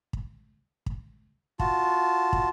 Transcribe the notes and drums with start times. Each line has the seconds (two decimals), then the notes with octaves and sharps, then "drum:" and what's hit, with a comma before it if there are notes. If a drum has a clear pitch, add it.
0.13 drum: kick
0.86 drum: kick
1.59 F4 F#4 A5, drum: kick
2.33 drum: kick